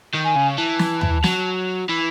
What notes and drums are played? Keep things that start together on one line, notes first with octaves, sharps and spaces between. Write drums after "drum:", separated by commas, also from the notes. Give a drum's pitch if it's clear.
D#3
G#5
C#3
E3 A5
drum: snare
drum: tom
F#3, drum: snare
E3 B5